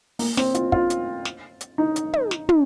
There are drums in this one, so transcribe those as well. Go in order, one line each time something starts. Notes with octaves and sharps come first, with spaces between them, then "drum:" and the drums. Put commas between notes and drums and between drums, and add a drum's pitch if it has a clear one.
A#3, drum: open hi-hat
C4, drum: snare
F4, drum: hi-hat
F4, drum: kick
drum: hi-hat
drum: snare
drum: hi-hat
D#4
drum: hi-hat
drum: tom
drum: snare
drum: tom